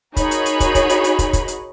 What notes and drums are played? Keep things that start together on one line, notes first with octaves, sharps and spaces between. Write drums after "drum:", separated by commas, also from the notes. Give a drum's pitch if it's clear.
D#4 F#4 G#4 A#4 C#5 B5, drum: kick, hi-hat
drum: hi-hat
drum: hi-hat
drum: kick, hi-hat
drum: kick, hi-hat
drum: hi-hat
drum: hi-hat
drum: kick, hi-hat
drum: kick, hi-hat
drum: hi-hat